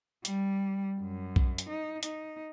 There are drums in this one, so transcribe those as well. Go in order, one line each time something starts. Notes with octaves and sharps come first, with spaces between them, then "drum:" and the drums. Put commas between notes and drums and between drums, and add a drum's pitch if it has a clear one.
G3, drum: hi-hat
F#2
drum: kick B1
drum: hi-hat
D#4
D#4, drum: hi-hat